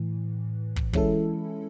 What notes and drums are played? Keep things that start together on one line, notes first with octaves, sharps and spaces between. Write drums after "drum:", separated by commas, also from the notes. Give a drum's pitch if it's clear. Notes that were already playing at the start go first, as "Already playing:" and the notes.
Already playing: A2 E3
drum: kick
E3 G#3 C#4 E4 A4, drum: kick